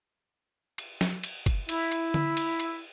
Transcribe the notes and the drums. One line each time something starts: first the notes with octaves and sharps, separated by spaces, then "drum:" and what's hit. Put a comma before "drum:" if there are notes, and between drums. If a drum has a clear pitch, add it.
drum: cymbal
drum: snare
drum: cymbal
drum: kick F#1, cymbal
E4, drum: cymbal
drum: cymbal
drum: tom D3
drum: cymbal
drum: cymbal